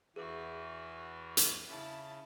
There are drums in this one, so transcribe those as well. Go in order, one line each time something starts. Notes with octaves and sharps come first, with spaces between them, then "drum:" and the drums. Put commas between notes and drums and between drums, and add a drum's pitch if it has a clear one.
E2 E3 F#4 G#4 B4 D6
drum: hi-hat
C#3 E4 A5